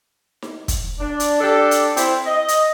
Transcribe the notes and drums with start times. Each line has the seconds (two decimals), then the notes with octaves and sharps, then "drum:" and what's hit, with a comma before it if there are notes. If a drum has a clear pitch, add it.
0.42 drum: snare D#4
0.68 drum: kick, hi-hat
1.00 D4
1.20 drum: hi-hat
1.41 D4 G4 A4
1.71 drum: hi-hat
1.97 C4 E4, drum: hi-hat
2.26 D#5
2.48 drum: hi-hat